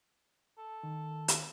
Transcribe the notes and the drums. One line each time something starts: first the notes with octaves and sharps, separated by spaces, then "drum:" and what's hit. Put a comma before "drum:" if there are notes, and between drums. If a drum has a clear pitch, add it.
A4
D#3
drum: hi-hat